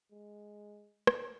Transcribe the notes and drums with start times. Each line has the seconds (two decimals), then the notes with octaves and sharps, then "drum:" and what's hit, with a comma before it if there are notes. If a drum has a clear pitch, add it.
0.12 G#3
1.07 drum: rim click